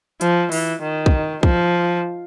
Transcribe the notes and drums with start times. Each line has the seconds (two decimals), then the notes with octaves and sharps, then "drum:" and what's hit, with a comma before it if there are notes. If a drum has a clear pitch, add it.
0.21 F3, drum: hi-hat
0.52 E3, drum: open hi-hat
0.83 D#3
1.06 drum: kick
1.43 F3, drum: kick